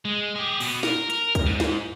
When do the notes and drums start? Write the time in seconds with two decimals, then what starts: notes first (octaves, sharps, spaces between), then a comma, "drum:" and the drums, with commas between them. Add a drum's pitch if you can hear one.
0.05 G#3
0.36 G4 G#4
0.60 B2 B3, drum: open hi-hat
0.83 A#4, drum: snare
1.10 A#4, drum: hi-hat
1.35 drum: kick C#2, hi-hat
1.46 G#2
1.60 drum: snare